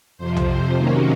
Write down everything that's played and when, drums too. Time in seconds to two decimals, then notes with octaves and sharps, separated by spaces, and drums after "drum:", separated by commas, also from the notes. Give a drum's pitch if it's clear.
0.18 F2 C3 F3 C5
0.36 drum: tom B1
0.47 C5
0.75 C3 D#3 F#3 A#3 C#4